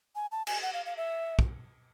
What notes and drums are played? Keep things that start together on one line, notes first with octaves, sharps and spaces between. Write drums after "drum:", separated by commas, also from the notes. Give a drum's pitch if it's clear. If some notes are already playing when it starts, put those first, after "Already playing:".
G#5
A5
G#5, drum: cymbal
F#5
F5
F5
E5
drum: kick